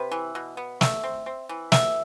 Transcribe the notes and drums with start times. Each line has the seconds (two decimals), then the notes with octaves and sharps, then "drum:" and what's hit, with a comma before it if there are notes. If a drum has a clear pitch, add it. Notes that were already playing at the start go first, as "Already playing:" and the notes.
Already playing: C3 B4
0.12 E3
0.35 B2
0.57 B3
0.81 A3 E5, drum: snare
1.03 C4
1.26 C4
1.49 E3
1.72 B2 E5, drum: snare